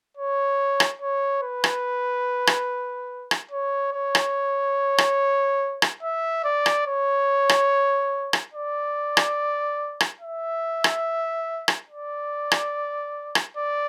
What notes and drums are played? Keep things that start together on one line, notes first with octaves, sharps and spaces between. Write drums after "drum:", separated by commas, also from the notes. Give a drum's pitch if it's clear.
C#5
drum: rim click
C#5
B4
drum: rim click
drum: rim click
drum: rim click
C#5
C#5
drum: rim click
drum: rim click
drum: rim click
E5
D5
drum: rim click
C#5
drum: rim click
drum: rim click
D5
drum: rim click
drum: rim click
E5
drum: rim click
drum: rim click
D5
drum: rim click
drum: rim click
D5